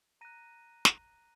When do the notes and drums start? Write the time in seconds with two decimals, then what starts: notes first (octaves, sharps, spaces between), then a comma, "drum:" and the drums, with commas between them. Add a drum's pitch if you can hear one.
0.21 A#5 F#6 A#6 D#7
0.85 drum: snare